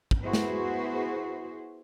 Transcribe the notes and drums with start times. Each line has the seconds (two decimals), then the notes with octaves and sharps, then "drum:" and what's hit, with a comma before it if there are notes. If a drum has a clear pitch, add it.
0.11 drum: kick
0.23 B3 E4 F#4 G#4 B4 C5
0.33 drum: snare